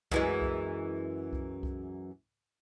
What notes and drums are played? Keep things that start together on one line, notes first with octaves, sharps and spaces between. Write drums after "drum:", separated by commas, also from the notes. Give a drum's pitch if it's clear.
F#2 E3 G#3, drum: kick C2
drum: kick C2
drum: kick C2
drum: kick C2